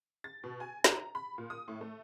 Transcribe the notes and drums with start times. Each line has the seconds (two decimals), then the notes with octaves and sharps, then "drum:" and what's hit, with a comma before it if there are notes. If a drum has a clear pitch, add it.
0.24 A6
0.44 B2
0.60 G#5
0.84 A#5, drum: snare
1.15 B5
1.38 A#2
1.50 D#6
1.68 A2
1.81 A3